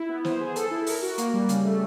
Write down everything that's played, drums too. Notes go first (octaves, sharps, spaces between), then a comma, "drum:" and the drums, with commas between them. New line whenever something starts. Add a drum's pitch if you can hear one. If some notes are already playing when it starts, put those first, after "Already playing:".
Already playing: E4
B3
C5, drum: snare
G#4
A4, drum: hi-hat
E4
A#4, drum: open hi-hat
F#4
A#3, drum: hi-hat
G3
C#3, drum: hi-hat
A3